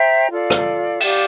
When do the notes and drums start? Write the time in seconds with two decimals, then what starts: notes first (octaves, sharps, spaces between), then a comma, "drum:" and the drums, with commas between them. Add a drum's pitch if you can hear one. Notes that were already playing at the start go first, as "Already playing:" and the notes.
Already playing: C5 E5 G5 A#5
0.30 F4 A4 D5 F5
0.50 drum: rim click
1.00 G4 D5 F5, drum: cymbal